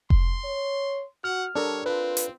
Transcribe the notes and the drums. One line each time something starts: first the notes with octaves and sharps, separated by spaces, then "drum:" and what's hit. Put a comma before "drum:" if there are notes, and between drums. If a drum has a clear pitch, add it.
C6, drum: kick F1
C#5
F#4 F#5 F6
G3 D4 A4 A#4 C#5
C4 F4 B4
drum: hi-hat